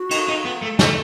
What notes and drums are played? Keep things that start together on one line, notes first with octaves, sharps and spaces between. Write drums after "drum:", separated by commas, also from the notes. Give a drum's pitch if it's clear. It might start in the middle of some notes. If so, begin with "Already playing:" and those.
Already playing: F#4
D#4, drum: cymbal
D#4
B3
A3
A3, drum: snare